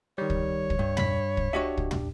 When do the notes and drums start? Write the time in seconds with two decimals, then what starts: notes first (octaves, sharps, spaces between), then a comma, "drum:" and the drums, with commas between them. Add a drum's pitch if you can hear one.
0.18 D#3 G3 C#5
0.30 drum: kick
0.70 drum: kick
0.79 G2
0.97 B5 B6, drum: tom
1.37 drum: kick
1.53 D4 F#4 G4 D#5 E5
1.77 drum: kick
1.91 drum: tom